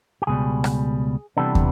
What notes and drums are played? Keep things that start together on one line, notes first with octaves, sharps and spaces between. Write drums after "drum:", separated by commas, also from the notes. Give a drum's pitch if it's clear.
G4
C#2 B2 G3 G#4
drum: rim click
C3 E3 G3 B3 D4 A4
drum: kick